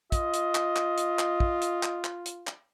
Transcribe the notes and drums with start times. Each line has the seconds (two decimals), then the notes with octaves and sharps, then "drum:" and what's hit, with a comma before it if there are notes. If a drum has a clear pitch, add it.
0.12 F4 D#5, drum: kick, hi-hat
0.34 drum: hi-hat
0.55 drum: clap
0.76 drum: clap
0.98 drum: hi-hat
1.19 drum: clap
1.40 drum: kick
1.62 drum: hi-hat
1.83 drum: clap
2.04 drum: clap
2.26 drum: hi-hat
2.47 drum: clap